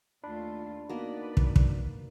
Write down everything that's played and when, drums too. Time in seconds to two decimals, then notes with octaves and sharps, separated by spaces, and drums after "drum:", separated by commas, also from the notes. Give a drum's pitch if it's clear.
0.24 D#2 A3 D4 F4 B5
0.89 A#3 B3 D#4 F#4 B4 D5
1.37 drum: kick
1.56 drum: kick